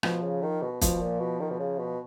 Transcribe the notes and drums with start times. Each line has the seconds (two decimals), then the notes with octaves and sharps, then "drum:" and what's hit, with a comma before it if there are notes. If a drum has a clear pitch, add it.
0.03 B2 F3, drum: rim click
0.22 C#3
0.42 D#3
0.62 B2
0.81 B2 F3, drum: kick, hi-hat
1.00 A#2
1.20 B2
1.40 D#3
1.50 B2
1.59 C#3
1.79 B2